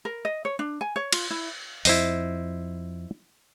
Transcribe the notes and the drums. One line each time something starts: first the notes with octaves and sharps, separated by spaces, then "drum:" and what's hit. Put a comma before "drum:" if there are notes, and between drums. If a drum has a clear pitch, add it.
A#4
D#5
C#5
D4
G#5
C#5
F4, drum: cymbal
E4
F2 E4 C5 D#5, drum: open hi-hat